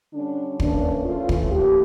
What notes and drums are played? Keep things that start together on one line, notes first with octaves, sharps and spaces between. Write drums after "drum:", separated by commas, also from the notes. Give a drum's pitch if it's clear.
D3 G3 C#4 D4
E3 A#3 C#4 D4, drum: kick
E3 A3 C#4 F4
drum: kick
A2 F3 A#3 G4